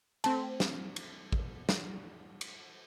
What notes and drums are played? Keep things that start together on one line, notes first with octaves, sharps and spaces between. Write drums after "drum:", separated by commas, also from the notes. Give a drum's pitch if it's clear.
A3 C4 A5, drum: cymbal
drum: snare
drum: cymbal
drum: kick
drum: snare
drum: cymbal